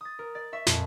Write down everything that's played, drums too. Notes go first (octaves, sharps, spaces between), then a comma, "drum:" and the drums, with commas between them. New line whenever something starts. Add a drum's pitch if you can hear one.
D#6 A6
A#4
D5 A6
E5 C#6
F2 A#2, drum: snare